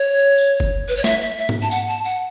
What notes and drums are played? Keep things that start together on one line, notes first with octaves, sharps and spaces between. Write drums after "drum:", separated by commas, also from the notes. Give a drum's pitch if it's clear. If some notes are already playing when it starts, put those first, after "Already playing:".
Already playing: C#5
drum: tambourine
drum: kick G1
B4
C#5
E5, drum: snare
E5
E5
drum: tom G#2
A5
F#5, drum: tambourine
A5
F#5